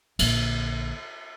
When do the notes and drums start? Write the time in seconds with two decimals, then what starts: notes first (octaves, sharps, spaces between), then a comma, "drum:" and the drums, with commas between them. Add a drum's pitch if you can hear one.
0.19 A#1 D3, drum: cymbal